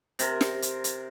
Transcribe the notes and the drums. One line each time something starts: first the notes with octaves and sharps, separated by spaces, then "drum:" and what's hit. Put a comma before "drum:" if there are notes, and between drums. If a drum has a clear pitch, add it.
C3 A#4, drum: hi-hat
drum: snare
drum: hi-hat
drum: hi-hat